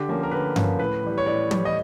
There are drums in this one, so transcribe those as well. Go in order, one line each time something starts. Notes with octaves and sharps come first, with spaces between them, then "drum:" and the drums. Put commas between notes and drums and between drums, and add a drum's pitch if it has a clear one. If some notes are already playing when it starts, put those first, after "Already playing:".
Already playing: D3 G4
F3 A#3 C#4
A#4
D3 B4
F3 A#3 C#4, drum: tom G2
A2 B4
E3 G3
C#5
A2 D5
E3 G3, drum: tom
D#5